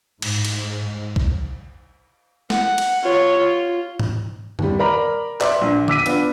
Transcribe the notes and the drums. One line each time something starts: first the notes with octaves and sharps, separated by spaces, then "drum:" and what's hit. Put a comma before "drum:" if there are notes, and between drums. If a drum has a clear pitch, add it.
G#2, drum: cymbal
drum: cymbal
drum: kick
F#5, drum: snare
drum: cymbal
F4 C#5
F4
drum: tom G#2
D#2 G3, drum: tom F#2
A#4 D5 A#5 B5
D5 E5 C6 D6, drum: clap
A#1
D6 E6 B6 D#7, drum: tom D3
B3 D4 F4, drum: hi-hat